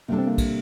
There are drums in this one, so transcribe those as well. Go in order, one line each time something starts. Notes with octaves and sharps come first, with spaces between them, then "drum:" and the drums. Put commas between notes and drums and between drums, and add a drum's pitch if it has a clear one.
C3 G3 A#3 D4 A4
C4
A#3
drum: kick, cymbal